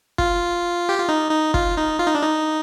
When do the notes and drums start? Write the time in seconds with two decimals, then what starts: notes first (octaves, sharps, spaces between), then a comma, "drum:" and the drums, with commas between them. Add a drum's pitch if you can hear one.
0.18 F4, drum: kick
0.89 G4
0.98 F4
1.09 D#4
1.31 D#4
1.54 F4, drum: kick
1.76 D#4
2.00 F4
2.06 D#4
2.15 D4
2.22 D#4